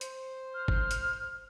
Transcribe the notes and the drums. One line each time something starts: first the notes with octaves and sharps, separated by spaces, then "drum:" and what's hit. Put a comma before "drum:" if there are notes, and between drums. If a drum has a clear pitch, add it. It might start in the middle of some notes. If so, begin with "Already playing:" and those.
C5, drum: hi-hat
F6
drum: kick
drum: hi-hat